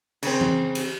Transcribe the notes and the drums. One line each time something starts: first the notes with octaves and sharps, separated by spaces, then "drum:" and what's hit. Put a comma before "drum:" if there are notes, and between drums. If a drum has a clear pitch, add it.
C#3 C4, drum: cymbal
drum: tom E3
drum: cymbal